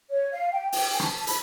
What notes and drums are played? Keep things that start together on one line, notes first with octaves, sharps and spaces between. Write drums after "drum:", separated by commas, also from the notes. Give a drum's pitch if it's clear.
C#5
F5
G5
G5, drum: open hi-hat
G#5
A5, drum: rim click
B5, drum: hi-hat